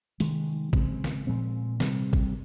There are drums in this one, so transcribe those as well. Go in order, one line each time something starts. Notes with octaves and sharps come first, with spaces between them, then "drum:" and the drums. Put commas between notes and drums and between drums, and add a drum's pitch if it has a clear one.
C3 D#3 G#3, drum: open hi-hat
C#3 F3 G#3 C4, drum: kick G#1
drum: snare
A#2 F3 G#3 C4
C3 G3 C4, drum: snare
drum: kick G#1